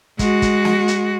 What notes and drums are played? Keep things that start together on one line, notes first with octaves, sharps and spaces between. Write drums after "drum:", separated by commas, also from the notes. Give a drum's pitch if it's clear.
G#3 F#4, drum: kick, hi-hat
drum: kick, hi-hat
drum: snare
drum: hi-hat